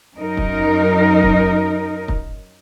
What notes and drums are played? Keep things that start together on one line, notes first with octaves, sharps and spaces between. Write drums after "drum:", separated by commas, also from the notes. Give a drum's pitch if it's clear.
F#2 D#4 A#4
drum: kick
drum: kick
drum: kick